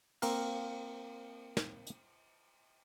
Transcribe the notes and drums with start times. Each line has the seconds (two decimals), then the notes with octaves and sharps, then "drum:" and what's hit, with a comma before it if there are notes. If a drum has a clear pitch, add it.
0.22 A#3 C4 A#4 F5, drum: cymbal
1.57 drum: snare
1.87 drum: hi-hat